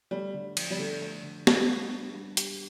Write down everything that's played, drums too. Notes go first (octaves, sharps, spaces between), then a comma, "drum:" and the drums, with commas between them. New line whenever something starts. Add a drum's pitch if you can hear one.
G3 A3
D3
F3, drum: cymbal
G3
D3 A3
A3
D3
B3 G4, drum: snare
G3
D4
G3
G4, drum: hi-hat